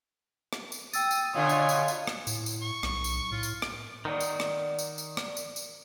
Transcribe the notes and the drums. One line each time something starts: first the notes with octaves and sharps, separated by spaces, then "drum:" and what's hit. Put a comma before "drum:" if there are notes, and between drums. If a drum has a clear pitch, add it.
drum: rim click
drum: tambourine
G5 D#6 E6 A6, drum: tambourine
drum: tambourine
B2 D3 F4 C#5 G#5 D#6
drum: tambourine
drum: tambourine
drum: tambourine
drum: rim click
A2, drum: tambourine
drum: tambourine
C#6
B1, drum: rim click
drum: tambourine
A2 F4
drum: tambourine
drum: rim click
D#3 D5 F#5 A#5
drum: tambourine
drum: rim click
drum: tambourine
drum: tambourine
drum: rim click
drum: tambourine
drum: tambourine